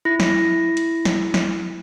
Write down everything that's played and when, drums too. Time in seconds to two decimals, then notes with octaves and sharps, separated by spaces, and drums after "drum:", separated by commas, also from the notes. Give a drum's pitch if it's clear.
0.05 E4 A#6
0.20 drum: snare
0.77 drum: hi-hat
1.05 drum: snare
1.34 drum: snare